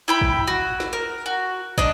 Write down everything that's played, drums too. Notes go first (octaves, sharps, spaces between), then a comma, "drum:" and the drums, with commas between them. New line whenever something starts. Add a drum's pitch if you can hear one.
E4 G5 B5
drum: kick
F#4
drum: snare
A#4
F#4
D4 D#5, drum: kick